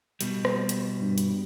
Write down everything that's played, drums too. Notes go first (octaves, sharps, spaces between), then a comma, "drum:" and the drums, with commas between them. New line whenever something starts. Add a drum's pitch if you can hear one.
B2 G3, drum: hi-hat
drum: rim click
drum: hi-hat
G2
drum: hi-hat